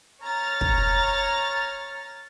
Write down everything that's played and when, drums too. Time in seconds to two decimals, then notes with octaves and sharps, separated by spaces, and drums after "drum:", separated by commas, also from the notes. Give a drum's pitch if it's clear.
0.22 C#5 A#5 F6 A6
0.61 drum: kick